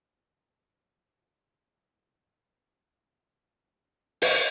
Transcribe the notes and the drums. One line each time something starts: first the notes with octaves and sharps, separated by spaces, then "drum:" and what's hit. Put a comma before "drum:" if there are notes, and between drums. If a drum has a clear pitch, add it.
F5
C3 D#3 G#3 D5 E5
A4 B4
G#4 A#4
A4 B4
B4
A#4 C5
B4 C#5
C5 D5
C5 D5
B4 C#5
A#4 C5
A#4 C5
C3 D#3 F#3 A3 A4 B4
drum: open hi-hat